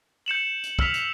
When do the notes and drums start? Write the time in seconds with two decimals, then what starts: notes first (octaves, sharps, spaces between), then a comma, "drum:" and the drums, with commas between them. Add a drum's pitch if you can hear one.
0.26 G6 C#7 E7 F#7
0.63 drum: hi-hat
0.79 E6 F6 B6 F7, drum: kick
0.94 drum: hi-hat